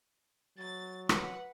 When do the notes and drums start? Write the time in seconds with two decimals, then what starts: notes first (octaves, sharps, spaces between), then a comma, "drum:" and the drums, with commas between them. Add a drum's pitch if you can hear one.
0.58 F#3 A6
1.09 B4 F#5, drum: rim click